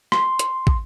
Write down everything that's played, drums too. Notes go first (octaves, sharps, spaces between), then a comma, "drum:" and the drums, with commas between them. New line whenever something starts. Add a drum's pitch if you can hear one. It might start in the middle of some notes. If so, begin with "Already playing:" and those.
C6, drum: rim click
drum: hi-hat
drum: kick